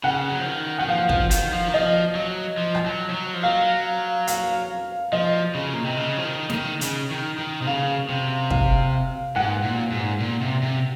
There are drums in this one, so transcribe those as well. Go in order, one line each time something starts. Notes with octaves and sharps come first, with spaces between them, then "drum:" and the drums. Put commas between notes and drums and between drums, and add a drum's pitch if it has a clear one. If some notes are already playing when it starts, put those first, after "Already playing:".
C#3 F#5
F#3
F3
D#3
D#3 F#5
F3 F5
F3, drum: kick
D#3, drum: hi-hat
F3
D#3
F3 D#5
F#3
F3
drum: rim click
F#3
F3
F#3
F3
F#3 F5
F5, drum: hi-hat
F3 D#5
C#3
A#2
C3
C#3
F3
D#3
C#3, drum: snare
D#3
C#3, drum: hi-hat
D#3
D#3
C3
C#3 F5
C3
F5, drum: kick
G#2 F#5
A#2
G#2
A#2
C3
C3